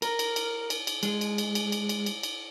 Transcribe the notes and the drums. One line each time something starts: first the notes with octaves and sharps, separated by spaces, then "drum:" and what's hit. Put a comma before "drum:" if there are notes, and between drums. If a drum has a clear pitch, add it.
A#4, drum: cymbal
drum: cymbal
drum: cymbal
drum: cymbal
drum: cymbal
G#3, drum: cymbal
drum: cymbal
drum: cymbal
drum: cymbal
drum: cymbal
drum: cymbal
drum: cymbal
drum: cymbal